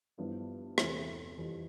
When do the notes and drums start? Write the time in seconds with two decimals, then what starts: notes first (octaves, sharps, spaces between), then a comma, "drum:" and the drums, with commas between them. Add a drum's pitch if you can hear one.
0.18 G2 F3 B3 E4
0.78 E2 C3 E3 A3 C4, drum: rim click
1.37 F2 E3 G3